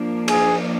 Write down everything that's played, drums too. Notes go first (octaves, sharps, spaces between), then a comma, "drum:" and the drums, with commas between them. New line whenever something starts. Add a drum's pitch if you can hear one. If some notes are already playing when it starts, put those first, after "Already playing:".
Already playing: F3 A#3 D4
G#4, drum: cymbal